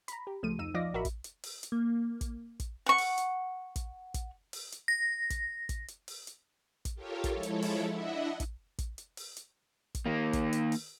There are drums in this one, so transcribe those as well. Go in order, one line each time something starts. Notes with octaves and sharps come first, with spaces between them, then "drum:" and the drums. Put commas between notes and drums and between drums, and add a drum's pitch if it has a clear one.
A#5 B5, drum: hi-hat
G4
C#2 F3 A3 D#7
F2 D#4 E6 D#7
F3 D5 D#5 F5 D6 A#6
A1 F#4 A#4 E5 B5
drum: kick, hi-hat
drum: hi-hat
drum: open hi-hat
drum: hi-hat
A#3
drum: kick, hi-hat
drum: kick, hi-hat
F#5 C#6
drum: open hi-hat
drum: hi-hat
drum: kick, hi-hat
drum: kick, hi-hat
drum: open hi-hat
drum: hi-hat
A#6
drum: kick, hi-hat
drum: kick, hi-hat
drum: hi-hat
drum: open hi-hat
drum: hi-hat
drum: kick, hi-hat
F4 G4 A4 A#4 C#5
drum: kick, hi-hat
F3 G#3 E4 A4 C#5
drum: hi-hat
drum: open hi-hat
D4 E4 D#5 E5 F#5
drum: kick, hi-hat
drum: kick, hi-hat
drum: hi-hat
drum: open hi-hat
drum: hi-hat
drum: kick, hi-hat
D#3 A#3
drum: kick, hi-hat
drum: hi-hat
drum: open hi-hat